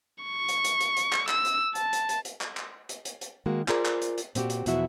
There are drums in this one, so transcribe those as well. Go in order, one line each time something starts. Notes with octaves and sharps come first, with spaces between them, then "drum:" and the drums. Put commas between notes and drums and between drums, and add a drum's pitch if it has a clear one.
C#6
drum: hi-hat
drum: hi-hat
drum: hi-hat
drum: hi-hat
drum: clap
E6, drum: clap
drum: hi-hat
A5, drum: hi-hat
drum: hi-hat
drum: hi-hat
drum: hi-hat
drum: clap
drum: clap
drum: hi-hat
drum: hi-hat
drum: hi-hat
D#3 G#3 A#3 F#4
F4 G#4 A#4 C5 D5, drum: clap
drum: clap
drum: hi-hat
drum: hi-hat
A#2 C4 F#4 G4, drum: hi-hat
drum: hi-hat
E2 B2 F3 E4 F#4 E5, drum: hi-hat